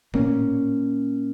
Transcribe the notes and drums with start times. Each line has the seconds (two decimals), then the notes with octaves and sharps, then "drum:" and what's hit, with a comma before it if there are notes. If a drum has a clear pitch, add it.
0.14 A#2 A#3 C#4, drum: tom A2